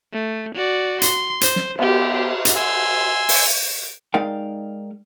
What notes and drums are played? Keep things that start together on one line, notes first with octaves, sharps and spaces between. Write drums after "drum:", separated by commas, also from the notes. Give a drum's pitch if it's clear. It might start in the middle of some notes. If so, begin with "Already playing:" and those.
A3
F#4 D5
C6, drum: hi-hat
C5, drum: hi-hat
drum: snare
B3 G4, drum: cymbal
drum: hi-hat
G#5 C6 E6
drum: open hi-hat
G#3 D#4 A#4 D5 F5 G5